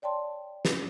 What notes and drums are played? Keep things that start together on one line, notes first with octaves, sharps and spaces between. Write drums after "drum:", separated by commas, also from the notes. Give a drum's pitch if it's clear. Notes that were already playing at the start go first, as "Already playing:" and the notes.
C#5 D5 G5 A5 C6
drum: snare